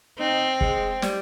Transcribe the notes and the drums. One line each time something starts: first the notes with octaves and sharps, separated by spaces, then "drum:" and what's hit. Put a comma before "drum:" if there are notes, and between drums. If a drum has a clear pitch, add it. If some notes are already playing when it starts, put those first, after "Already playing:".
C4 D#4
G#3, drum: kick
G3, drum: snare